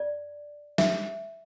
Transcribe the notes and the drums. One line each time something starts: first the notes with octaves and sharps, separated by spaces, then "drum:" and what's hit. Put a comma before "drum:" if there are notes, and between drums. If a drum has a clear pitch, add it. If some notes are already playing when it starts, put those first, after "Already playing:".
Already playing: D5
E5, drum: snare